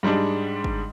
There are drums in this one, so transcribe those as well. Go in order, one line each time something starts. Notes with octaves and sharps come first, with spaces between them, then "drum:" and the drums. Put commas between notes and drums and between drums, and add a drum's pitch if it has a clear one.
G#2 G3 G#3 D4
drum: kick